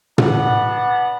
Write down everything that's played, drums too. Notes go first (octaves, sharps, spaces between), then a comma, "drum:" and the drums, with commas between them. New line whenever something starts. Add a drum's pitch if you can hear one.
B3 D4 F#5, drum: tom